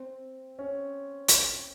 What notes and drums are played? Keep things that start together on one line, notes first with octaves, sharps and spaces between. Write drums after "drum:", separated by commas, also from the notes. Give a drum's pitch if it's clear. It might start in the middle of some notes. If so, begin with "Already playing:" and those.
Already playing: C4
C#4
drum: hi-hat